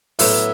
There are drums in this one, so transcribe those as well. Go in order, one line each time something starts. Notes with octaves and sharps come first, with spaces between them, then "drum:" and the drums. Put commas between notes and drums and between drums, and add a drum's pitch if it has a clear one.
A2 F#3 B3 E5, drum: open hi-hat